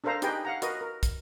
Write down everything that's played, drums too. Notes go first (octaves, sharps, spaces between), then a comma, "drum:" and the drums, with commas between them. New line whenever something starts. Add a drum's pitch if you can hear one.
D4 A4 A#4 C5 F5 A#5
D#4 G4 G#4 B4 D#5 G5, drum: hi-hat
F5 F#5 A#5
F#4 A#4 B4 D#5, drum: hi-hat
A#4
drum: kick, hi-hat